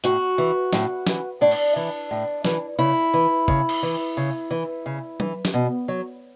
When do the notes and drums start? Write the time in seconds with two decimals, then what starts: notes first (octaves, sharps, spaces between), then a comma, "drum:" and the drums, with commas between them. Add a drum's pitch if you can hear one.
0.04 A2 F#4, drum: hi-hat
0.38 E3
0.73 A2, drum: snare
1.07 E3, drum: snare
1.41 A2 D4
1.51 drum: cymbal
1.76 E3
2.11 A2
2.45 E3, drum: snare
2.79 C#3 E4
3.14 E3
3.48 C#3, drum: kick
3.69 drum: cymbal
3.83 E3
4.17 C#3
4.51 E3
4.86 C#3
5.20 E3, drum: tom F#3
5.45 drum: snare
5.54 B2
5.88 F#3